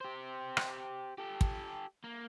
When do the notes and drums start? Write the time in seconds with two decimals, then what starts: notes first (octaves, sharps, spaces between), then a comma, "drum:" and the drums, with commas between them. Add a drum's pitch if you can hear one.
0.01 G4 C5
0.57 drum: rim click
1.18 G4 A4
1.41 drum: kick
2.04 A#3